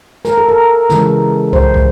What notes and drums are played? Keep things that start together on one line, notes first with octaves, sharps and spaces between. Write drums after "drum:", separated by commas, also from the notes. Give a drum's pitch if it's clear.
A#4, drum: snare
A4
A#4
C#3 E3 G#3, drum: snare
C5, drum: kick
drum: kick